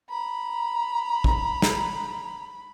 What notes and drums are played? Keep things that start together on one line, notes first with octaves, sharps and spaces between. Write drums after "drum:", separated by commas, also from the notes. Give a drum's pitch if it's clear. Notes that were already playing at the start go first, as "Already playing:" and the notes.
A#5 B5
drum: kick
drum: snare